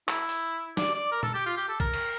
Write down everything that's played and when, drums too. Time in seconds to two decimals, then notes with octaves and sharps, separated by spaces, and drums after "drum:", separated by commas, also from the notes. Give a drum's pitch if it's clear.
0.08 E4, drum: clap
0.29 drum: open hi-hat
0.77 D5, drum: snare
0.94 D5
1.11 A#4
1.23 A4, drum: tom A#2
1.34 G4
1.46 F4
1.57 G4
1.69 A4
1.80 A#4, drum: kick A#1
1.94 drum: cymbal